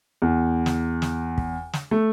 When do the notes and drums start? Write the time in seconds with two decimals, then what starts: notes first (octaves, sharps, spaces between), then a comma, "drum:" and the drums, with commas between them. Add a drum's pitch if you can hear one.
0.22 E2
0.66 drum: snare
1.02 drum: snare
1.38 drum: kick
1.73 drum: snare
1.91 A3